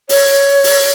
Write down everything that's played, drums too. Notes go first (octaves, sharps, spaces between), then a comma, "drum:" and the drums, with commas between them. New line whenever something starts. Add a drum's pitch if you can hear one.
C#5, drum: open hi-hat
drum: open hi-hat